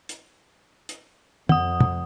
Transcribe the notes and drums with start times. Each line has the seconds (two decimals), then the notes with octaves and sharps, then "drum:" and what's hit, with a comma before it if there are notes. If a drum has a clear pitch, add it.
0.09 drum: hi-hat
0.89 drum: hi-hat
1.49 F2 F#5 D#6, drum: tom
1.80 drum: tom